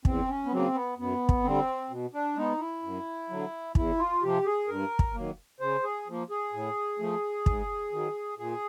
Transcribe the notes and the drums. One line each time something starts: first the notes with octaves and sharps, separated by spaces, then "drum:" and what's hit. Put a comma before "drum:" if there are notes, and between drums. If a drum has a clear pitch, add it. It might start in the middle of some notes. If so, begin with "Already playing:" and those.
E2 C4, drum: kick
C#4
B3
C#3 F#3 A#3 C4
B3
F#2 B3
drum: kick
D3 G3 C4
B2
D4
G#3 B3 D#4
E4
F#2
D3 F#3
E2 E4, drum: kick
F4
C3 F3 G4
G#4
G2 A#4
drum: kick
D#3 F#3 A#3
C#3 C5
G#4
F3 A#3
G#4
A2
F3 A3
G#2, drum: kick
D#3 F#3
A#2 G#4